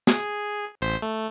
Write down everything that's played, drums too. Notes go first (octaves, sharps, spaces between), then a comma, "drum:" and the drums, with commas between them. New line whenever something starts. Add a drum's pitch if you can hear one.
G#4, drum: snare
A1 C5 B6
A3